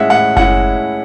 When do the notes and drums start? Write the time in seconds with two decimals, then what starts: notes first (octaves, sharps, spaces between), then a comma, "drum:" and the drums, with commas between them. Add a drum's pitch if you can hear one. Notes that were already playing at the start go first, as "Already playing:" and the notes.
Already playing: A2 G#3 C#4 E4 E5 F#5
0.10 A2 F#5
0.37 G#3 C#4 E4 F#5, drum: kick F#1